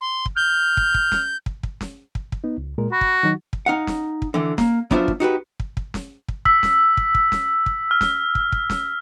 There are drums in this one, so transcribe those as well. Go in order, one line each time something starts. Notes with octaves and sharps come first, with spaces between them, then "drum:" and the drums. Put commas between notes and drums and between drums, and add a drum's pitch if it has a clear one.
C6
drum: kick
F6 G6
drum: kick
drum: kick
drum: snare
drum: kick
drum: kick
drum: snare
drum: kick
drum: kick
B3 D#4
C#2
A#2 G#3 A#4
F#4 B5
drum: kick
D#3 F#3 D#4
drum: kick
D#4 F5 F#5
drum: snare
drum: kick
D3 E3
A#3, drum: snare
F#3 B3 D4 F4 C5 E5, drum: kick
drum: kick
D#4 F#4 G4 B4
drum: kick
drum: kick
drum: snare
drum: kick
E6 B6, drum: kick
drum: snare
drum: kick
drum: kick
drum: snare
drum: kick
F6
drum: snare
drum: kick
drum: kick
drum: snare